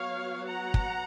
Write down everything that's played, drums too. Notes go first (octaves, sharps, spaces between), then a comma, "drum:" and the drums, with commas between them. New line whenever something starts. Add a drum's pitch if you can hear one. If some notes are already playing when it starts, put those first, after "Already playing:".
Already playing: F#3 B3 C#5 F5
F#5 A#5
drum: kick